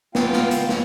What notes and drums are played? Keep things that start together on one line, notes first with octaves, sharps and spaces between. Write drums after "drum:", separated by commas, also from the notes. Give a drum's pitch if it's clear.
B3 F4 F5 G5, drum: snare
drum: snare
drum: hi-hat
drum: snare